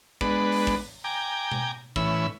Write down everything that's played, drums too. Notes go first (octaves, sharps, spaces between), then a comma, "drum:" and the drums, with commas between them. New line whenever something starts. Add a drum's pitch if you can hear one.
G#3 B3 D4 B4, drum: kick
drum: open hi-hat
drum: kick
G5 G#5 A#5 D6
drum: tom B2
A2 E3 C#4 B5 E6, drum: kick